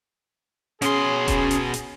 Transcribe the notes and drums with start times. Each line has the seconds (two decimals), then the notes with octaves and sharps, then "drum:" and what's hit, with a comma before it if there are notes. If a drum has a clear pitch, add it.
0.82 B2 C#4 G#4 C6, drum: hi-hat
1.28 drum: kick E1, hi-hat
1.51 drum: hi-hat
1.74 drum: hi-hat